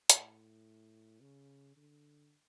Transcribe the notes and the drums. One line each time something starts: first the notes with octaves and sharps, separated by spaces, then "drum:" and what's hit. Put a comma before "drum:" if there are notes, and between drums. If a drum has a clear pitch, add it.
A2, drum: hi-hat
C#3
D3